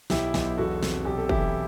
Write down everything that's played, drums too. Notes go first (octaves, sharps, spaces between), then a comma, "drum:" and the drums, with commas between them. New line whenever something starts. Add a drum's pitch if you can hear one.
B1 E4 G4, drum: snare
B1, drum: snare
E1 F#4 A4
C3, drum: snare
B1 G4
A4
E3 E4 G4, drum: kick